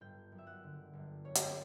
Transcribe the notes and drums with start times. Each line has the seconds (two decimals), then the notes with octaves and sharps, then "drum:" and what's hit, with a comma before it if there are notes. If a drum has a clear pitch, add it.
0.01 G1 G5
0.32 F#2
0.38 E5
0.47 F#5
0.63 D3
0.93 G1
1.24 F#2 C#5
1.35 drum: hi-hat